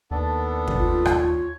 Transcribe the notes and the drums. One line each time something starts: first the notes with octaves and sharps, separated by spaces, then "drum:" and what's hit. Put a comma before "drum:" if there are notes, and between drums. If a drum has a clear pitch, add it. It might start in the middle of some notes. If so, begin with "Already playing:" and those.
D#2 B3 D4 A4
drum: kick
F4
drum: rim click
C#5